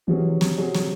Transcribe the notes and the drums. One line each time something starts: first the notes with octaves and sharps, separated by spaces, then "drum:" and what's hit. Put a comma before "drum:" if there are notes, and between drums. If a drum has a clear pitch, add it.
C3 E3 F#3 C#4 G#4
drum: snare
C3 F#3 C#4 G#4
drum: snare